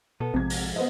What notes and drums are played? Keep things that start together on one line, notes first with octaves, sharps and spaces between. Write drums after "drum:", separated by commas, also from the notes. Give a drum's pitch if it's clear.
B2 B3 A4
A#1 F2 G#2 C3 G#6
drum: open hi-hat
B3 C5 D#5